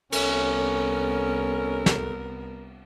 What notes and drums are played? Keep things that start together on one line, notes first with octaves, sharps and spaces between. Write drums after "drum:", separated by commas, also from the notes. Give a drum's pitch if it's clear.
C2 B3 C#4 A4 A#4, drum: cymbal
drum: snare